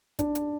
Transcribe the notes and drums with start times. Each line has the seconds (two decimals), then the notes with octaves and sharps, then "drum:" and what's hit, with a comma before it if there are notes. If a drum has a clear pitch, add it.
0.19 D4, drum: kick, hi-hat
0.35 drum: hi-hat